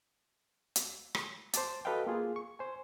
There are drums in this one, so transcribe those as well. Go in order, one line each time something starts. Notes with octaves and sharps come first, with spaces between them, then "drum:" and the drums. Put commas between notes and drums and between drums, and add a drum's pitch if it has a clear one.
drum: hi-hat
drum: rim click
C5 A5 D6 A6, drum: hi-hat
F#4 A4 B4 D#5 F5 G5
A#3 F4 G#4
C#6
C5 G#5